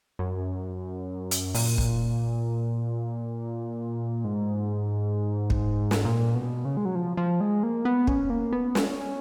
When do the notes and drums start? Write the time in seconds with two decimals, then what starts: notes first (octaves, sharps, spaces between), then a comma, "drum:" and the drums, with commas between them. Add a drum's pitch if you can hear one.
0.19 F#2
1.31 drum: hi-hat
1.54 A#2, drum: open hi-hat
1.78 drum: kick
4.24 G#2
5.50 drum: kick
5.91 drum: snare
6.05 A#2
6.35 B2
6.65 C#3
6.77 G#3
6.85 F#3
6.95 F3
7.17 F3
7.41 G#3
7.63 A#3
7.85 B3
8.07 C#4, drum: kick
8.30 A#3
8.52 B3
8.75 C#4, drum: snare